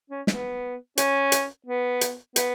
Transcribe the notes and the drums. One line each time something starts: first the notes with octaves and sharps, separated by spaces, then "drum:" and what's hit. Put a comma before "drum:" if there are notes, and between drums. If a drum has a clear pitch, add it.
C#4
B3, drum: snare
C#4, drum: hi-hat
drum: hi-hat
B3
drum: hi-hat
B3, drum: hi-hat